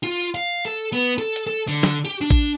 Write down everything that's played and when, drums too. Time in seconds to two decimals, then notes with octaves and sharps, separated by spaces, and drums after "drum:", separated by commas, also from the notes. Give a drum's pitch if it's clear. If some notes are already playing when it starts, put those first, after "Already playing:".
0.04 F4
0.35 F5
0.65 A4
0.93 B3
1.18 A4
1.36 drum: hi-hat
1.47 A4
1.68 D3
1.83 drum: snare
2.05 G4
2.21 D4
2.30 drum: kick A1, hi-hat